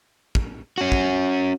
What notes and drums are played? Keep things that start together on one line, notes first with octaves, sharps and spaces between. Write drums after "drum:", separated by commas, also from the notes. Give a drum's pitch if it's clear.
drum: kick
C#4 F#4
drum: kick